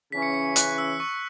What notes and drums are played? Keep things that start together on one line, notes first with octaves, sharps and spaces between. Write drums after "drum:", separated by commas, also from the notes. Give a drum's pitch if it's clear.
C#3 E3 C#4 B6
C#7
C#7
F#6, drum: hi-hat
E6
C#6